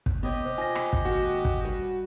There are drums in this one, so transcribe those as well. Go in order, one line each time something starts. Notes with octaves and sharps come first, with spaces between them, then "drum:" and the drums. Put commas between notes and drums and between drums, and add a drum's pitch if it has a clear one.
drum: kick
B3 G4 B4 C#5 D#5
C3 C5
F4 C5 G#5 A#6
drum: rim click
drum: kick
D#2 G#2 F#4 A#4
drum: kick
G3 B4